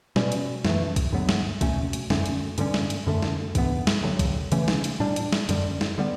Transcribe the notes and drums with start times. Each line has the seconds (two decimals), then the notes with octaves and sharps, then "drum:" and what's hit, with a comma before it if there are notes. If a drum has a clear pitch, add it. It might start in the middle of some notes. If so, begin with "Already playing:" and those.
0.16 B2 G3 C#4, drum: snare
0.32 drum: hi-hat
0.65 F#2 E3 A3, drum: snare
0.96 drum: kick, hi-hat
1.13 G2 D3 F#3 B3
1.29 drum: snare
1.61 B2 A3 C#4, drum: kick, hi-hat
1.93 drum: hi-hat
2.10 F#2 D3 A3 C#4, drum: snare
2.26 drum: hi-hat
2.58 G2 D3 G3 C#4, drum: hi-hat
2.74 drum: snare
2.90 drum: hi-hat
3.07 F#2 D3 A3
3.23 drum: snare
3.55 G2 E3 B3, drum: kick, hi-hat
3.87 drum: snare
4.03 G2 D3 F#3
4.19 drum: kick, hi-hat
4.52 C#3 E3 A3 C#4, drum: hi-hat
4.68 drum: snare
4.84 drum: hi-hat
5.00 A2 G3 D4
5.16 drum: hi-hat
5.32 drum: snare
5.49 F#2 D3 G3, drum: hi-hat
5.81 drum: snare
5.98 D3 G3 B3